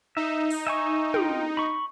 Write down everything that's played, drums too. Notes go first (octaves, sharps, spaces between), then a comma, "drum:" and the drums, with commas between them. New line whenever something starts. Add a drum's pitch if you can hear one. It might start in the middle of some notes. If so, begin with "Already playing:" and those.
D#4 E5
drum: open hi-hat
E5 G#5 C#6
F4 G5, drum: tom
B5 C#6